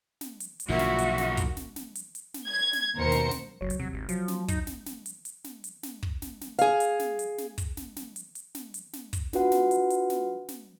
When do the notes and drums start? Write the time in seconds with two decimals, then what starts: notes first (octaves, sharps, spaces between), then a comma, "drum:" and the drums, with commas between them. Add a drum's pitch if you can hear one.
0.21 drum: snare
0.40 drum: hi-hat
0.60 drum: hi-hat
0.70 B1 G#2 D3 F3 A#3 F#4 E5
0.79 drum: snare
0.98 drum: hi-hat
1.18 drum: snare
1.37 drum: kick, hi-hat
1.57 drum: snare
1.76 drum: snare
1.95 drum: hi-hat
2.15 drum: hi-hat
2.34 drum: snare
2.47 G#6
2.73 drum: snare
2.96 D#2 B2 A#4 C5 C#7
3.12 drum: snare
3.31 drum: snare
3.61 F#1 C#2 F#3 C#5
3.70 drum: hi-hat
3.79 D#2 C3 F#3
3.93 G#1
4.09 F3 F#3, drum: hi-hat
4.28 drum: snare
4.48 D#4, drum: kick, hi-hat
4.67 drum: snare
4.86 drum: snare
5.06 drum: hi-hat
5.25 drum: hi-hat
5.44 drum: snare
5.64 drum: hi-hat
5.83 drum: snare
6.03 drum: kick
6.22 drum: snare
6.41 drum: snare
6.59 G#4 F5, drum: hi-hat
6.80 drum: hi-hat
7.00 drum: snare
7.19 drum: hi-hat
7.38 drum: snare
7.58 drum: kick, hi-hat
7.77 drum: snare
7.96 drum: snare
8.16 drum: hi-hat
8.35 drum: hi-hat
8.55 drum: snare
8.74 drum: hi-hat
8.93 drum: snare
9.13 drum: kick, hi-hat
9.33 D4 F4 F#4 B4 F#5, drum: snare
9.52 drum: snare
9.71 drum: hi-hat
9.90 drum: hi-hat
10.10 drum: snare
10.48 drum: snare